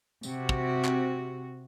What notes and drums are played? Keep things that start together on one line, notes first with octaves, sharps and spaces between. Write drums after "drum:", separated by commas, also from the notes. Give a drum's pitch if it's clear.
C3 F#4, drum: tambourine
drum: kick
drum: clap